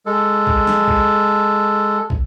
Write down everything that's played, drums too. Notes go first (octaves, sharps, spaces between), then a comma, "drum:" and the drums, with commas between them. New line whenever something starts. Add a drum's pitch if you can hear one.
G#3 A4
drum: kick
drum: snare
drum: kick
drum: kick